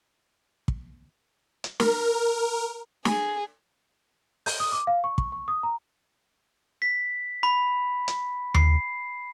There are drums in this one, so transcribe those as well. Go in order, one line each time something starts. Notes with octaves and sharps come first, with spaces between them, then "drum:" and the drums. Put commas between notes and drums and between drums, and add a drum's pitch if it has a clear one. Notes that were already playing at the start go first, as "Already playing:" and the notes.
drum: kick
drum: hi-hat
A#4, drum: snare
G#4, drum: snare
G6, drum: open hi-hat
D#6
D6
F5
C#6
C#6, drum: kick
C#6
D#6
A#5
B6
B5
drum: hi-hat
C7, drum: tom D#2